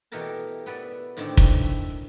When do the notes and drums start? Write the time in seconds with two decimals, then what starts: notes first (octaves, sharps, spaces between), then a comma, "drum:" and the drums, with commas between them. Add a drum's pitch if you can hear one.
0.12 B2 E3 G4 A4 A#4 A5
0.66 B3 B4 D5 E5
1.17 A2 D3 D#3 C4 D4
1.37 drum: kick
1.61 E5